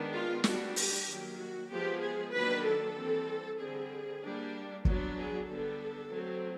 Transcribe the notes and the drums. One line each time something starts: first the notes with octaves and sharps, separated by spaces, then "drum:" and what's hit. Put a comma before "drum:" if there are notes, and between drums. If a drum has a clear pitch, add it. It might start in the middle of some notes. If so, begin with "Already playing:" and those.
Already playing: D#3 G#3 B3 D4
F4
G3 B3 D4 F#4, drum: snare
G4, drum: open hi-hat
D#3 F#3 A#3
F#4
F3 G#3 B3 G4
G#4
D#3 F#3 A#3 D4 B4
A4
E3 G3 C4
D3 G3 C4 G#4
G3 A#3 D4
F#3 B3 D4, drum: kick
G#4
D3 G3 B3 D4 A4
F#3 A3 C4